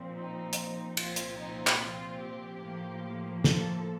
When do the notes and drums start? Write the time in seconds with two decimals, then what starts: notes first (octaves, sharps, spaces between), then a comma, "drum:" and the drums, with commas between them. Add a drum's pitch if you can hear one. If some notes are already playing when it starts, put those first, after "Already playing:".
Already playing: A#2 F3 C4
0.15 D#4
0.53 drum: hi-hat
0.97 C2 A#2 F3 C4 F4, drum: cymbal
1.16 drum: hi-hat
1.38 D#4
1.67 drum: clap
1.80 F4
2.21 G4
2.62 A2 F3 A#3
3.44 A4, drum: snare